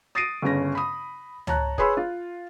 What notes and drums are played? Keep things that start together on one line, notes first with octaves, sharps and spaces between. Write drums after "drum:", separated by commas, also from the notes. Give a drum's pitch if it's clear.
D#6 A6 A#6 C7 D7 D#7
G1 C#3 C#4 A#6
B5 D#6
C#5 A5 A#5 F#6, drum: tom C#2
G#4 B4 C#5 B5 C6 E6, drum: kick
F4